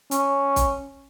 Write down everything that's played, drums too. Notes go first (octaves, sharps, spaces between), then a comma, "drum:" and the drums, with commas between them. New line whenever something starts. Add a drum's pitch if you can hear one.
C#4, drum: hi-hat
drum: kick, hi-hat